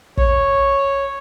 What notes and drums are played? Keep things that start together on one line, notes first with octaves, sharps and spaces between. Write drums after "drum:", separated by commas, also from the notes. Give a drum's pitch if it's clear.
C#5, drum: kick